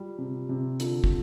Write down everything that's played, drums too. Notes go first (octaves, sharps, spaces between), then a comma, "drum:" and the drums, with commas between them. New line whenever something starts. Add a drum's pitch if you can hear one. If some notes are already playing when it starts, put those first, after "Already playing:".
Already playing: G3 F4
C3
C3
D3 F4, drum: hi-hat
drum: kick